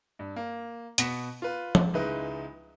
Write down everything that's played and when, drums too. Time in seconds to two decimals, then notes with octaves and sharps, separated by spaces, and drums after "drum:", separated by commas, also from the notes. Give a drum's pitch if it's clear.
0.19 G2
0.36 A#3
0.98 B2 B3 B6 C#7 E7, drum: hi-hat
1.42 F4 B4
1.75 drum: tom F3
1.94 C#2 G#3 D#4 E4 B4